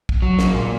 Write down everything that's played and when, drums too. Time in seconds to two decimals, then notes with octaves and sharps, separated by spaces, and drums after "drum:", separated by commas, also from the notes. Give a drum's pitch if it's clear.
0.09 drum: kick
0.22 F#3
0.39 A#3, drum: snare
0.55 A#2